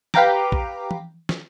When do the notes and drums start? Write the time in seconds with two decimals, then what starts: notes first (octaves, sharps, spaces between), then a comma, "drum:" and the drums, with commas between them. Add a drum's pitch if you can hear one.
0.14 G4 B4 F5 G5 A#5 D6, drum: snare
0.52 drum: kick
0.91 drum: tom E3
1.29 drum: snare